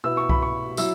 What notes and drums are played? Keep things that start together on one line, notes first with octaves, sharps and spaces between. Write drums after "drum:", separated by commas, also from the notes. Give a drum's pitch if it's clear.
B2 B3 E4 E6
C#6
B5, drum: kick C2
C#6
F#3 E4 E6, drum: tambourine